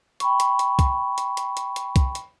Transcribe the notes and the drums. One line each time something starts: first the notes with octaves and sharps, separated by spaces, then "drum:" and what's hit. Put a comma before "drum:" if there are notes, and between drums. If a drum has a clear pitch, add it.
G5 B5 C#6, drum: hi-hat
drum: hi-hat
drum: hi-hat
drum: kick C2, hi-hat
drum: hi-hat
drum: hi-hat
drum: hi-hat
drum: hi-hat
drum: kick C2, hi-hat
drum: hi-hat